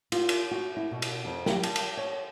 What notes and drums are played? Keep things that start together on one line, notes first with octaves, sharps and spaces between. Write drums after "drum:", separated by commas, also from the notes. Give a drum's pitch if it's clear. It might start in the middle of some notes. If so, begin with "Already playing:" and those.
F4, drum: cymbal
drum: cymbal
F#4
E4
B2
drum: cymbal
F2
G4, drum: snare
A5, drum: cymbal
drum: cymbal
C#5